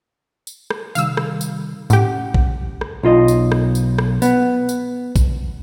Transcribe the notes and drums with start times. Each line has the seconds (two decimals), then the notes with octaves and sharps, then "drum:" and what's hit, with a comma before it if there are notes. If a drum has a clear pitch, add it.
0.47 drum: tambourine
0.70 drum: rim click
0.95 C3 D#3 G3 F5 E6, drum: tambourine
1.17 drum: rim click
1.41 drum: tambourine
1.90 A2 C#4 G4 F#5, drum: tambourine
2.34 drum: kick
2.81 drum: rim click
3.03 B1 F4 D#5
3.28 drum: tambourine
3.52 drum: rim click
3.75 drum: tambourine
3.98 drum: rim click
4.22 B3, drum: tambourine
4.69 drum: tambourine
5.16 drum: kick, tambourine